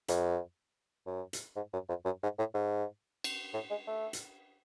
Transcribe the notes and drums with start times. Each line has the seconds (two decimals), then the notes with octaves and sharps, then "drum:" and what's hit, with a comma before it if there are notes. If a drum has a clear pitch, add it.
0.08 F2, drum: hi-hat
1.07 F#2
1.33 drum: hi-hat
1.56 G#2
1.73 F#2
1.89 F2
2.05 F#2
2.23 G#2
2.38 A2
2.54 G#2
3.24 drum: cymbal
3.54 A2
3.70 G#3
3.87 A3
4.13 drum: hi-hat